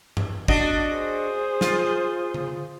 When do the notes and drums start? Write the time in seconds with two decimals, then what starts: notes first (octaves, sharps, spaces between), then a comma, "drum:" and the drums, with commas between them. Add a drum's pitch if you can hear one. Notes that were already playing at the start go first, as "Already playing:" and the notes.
0.17 drum: tom G2
0.48 D4 F#4 D#5, drum: kick
0.94 G#4 C5
1.61 F4, drum: snare
2.34 drum: tom D3